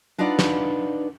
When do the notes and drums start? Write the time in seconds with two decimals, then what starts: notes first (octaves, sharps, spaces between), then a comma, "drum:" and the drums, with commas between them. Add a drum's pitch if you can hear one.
0.18 D4 D#4 F4 B4 D5 F#5
0.39 drum: snare